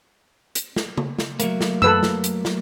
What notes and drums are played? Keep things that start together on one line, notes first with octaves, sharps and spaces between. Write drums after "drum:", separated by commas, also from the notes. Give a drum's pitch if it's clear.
drum: hi-hat
drum: snare
drum: tom C#3
drum: snare
F#3 A3 A#3, drum: hi-hat
drum: snare
A4 B4 E6, drum: tom F#2
drum: snare
drum: hi-hat
drum: snare